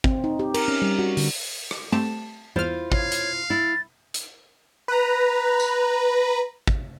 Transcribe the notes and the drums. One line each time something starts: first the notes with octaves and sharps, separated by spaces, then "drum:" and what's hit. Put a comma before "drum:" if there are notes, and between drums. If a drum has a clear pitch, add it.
C4, drum: kick
D#4
G4
A#4, drum: cymbal
C#4
G3
F#4
D3, drum: open hi-hat
drum: rim click
A3 C4 G4 A5
E2 E4 F4 C5 F6
C#5 F5, drum: kick
drum: hi-hat
E4 A6
drum: hi-hat
B4 A#5
drum: tambourine
drum: kick